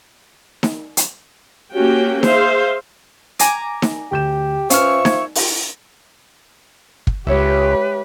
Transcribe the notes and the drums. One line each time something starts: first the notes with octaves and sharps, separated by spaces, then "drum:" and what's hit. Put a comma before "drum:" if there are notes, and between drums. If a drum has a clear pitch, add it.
drum: snare D#4
drum: hi-hat
A#3 C#4 F#4 G4 G5
G#4 C5 E5 F5, drum: snare D#4
G#5 A#5 D6, drum: hi-hat
drum: snare D#4
D2 G4 G6 E7
F3 C#4 B4 E5 C#6 F6, drum: hi-hat
G#6, drum: snare D#4
drum: open hi-hat
drum: kick
C#2 G#3 G4 B4 C#5 E5